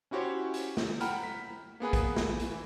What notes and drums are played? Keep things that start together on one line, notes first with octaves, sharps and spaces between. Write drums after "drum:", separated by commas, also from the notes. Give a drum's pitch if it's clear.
C#4 E4 F#4 G4 C5 C#5
drum: hi-hat
drum: snare
F#5 G5 A#5 B5 F6, drum: hi-hat
B6
A#3 B3 G#4 B4
drum: kick, hi-hat
drum: snare
drum: hi-hat
E3